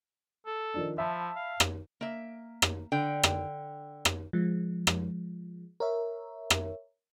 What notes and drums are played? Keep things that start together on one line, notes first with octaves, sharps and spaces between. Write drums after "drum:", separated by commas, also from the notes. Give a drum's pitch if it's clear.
A4
D#3 F3 D4
F3 E5 A5 B5
F5
drum: rim click
A#3 E5
drum: rim click
D3 G5
drum: rim click
drum: rim click
F3 G#3
drum: rim click
A#4 C#5 E5
drum: rim click